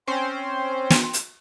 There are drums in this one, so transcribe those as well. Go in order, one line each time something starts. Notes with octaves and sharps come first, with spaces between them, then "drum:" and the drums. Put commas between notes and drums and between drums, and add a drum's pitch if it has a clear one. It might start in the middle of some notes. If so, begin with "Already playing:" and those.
C4 C#4 C5 G5 C6
drum: snare
drum: hi-hat